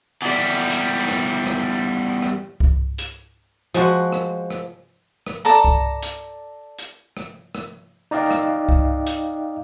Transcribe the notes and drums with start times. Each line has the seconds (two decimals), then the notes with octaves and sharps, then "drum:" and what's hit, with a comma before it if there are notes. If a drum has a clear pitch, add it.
0.22 E2 G3
0.70 drum: hi-hat
1.08 drum: rim click
1.46 drum: rim click
2.22 drum: rim click
2.60 drum: kick C2
2.98 drum: hi-hat
3.74 F3 G#3 F#4 F#5, drum: hi-hat
4.12 drum: rim click
4.50 drum: rim click
5.27 drum: rim click
5.45 A4 D5 A5 A#5
5.65 drum: kick C2
6.03 drum: hi-hat
6.79 drum: hi-hat
7.17 drum: rim click
7.55 drum: rim click
8.11 D#4 D5 D#5 F5 G5
8.31 drum: rim click
8.69 drum: kick C2
9.07 drum: hi-hat